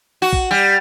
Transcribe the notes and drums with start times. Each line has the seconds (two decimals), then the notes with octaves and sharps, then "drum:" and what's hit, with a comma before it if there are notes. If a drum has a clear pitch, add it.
0.22 F#4
0.33 drum: kick A#1
0.51 G3